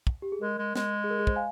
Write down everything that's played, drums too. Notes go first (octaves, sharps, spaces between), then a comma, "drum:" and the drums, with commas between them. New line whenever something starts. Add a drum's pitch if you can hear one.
drum: kick
G4
G#4
G#3 A#4
G#3
G#3, drum: snare
G#4
A#4
G#4
C5, drum: kick
F5 G#5